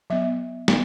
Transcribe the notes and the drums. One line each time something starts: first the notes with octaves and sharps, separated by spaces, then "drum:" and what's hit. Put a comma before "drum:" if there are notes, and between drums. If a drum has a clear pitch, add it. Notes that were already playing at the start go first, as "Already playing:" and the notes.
F#3 B3 E5
B3, drum: snare